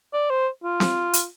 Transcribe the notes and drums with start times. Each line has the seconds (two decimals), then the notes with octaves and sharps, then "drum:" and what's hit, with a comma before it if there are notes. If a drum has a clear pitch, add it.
0.13 D5
0.30 C5
0.63 F4
0.80 drum: snare C4
1.13 drum: hi-hat